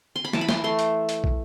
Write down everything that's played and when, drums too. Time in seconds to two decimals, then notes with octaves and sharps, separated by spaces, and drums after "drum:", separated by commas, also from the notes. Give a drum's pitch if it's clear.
0.16 C6
0.25 B5
0.33 E3 A5, drum: snare
0.41 B5
0.49 E3 C6, drum: snare
0.64 A3 C6
0.79 drum: hi-hat
1.09 drum: hi-hat
1.24 drum: kick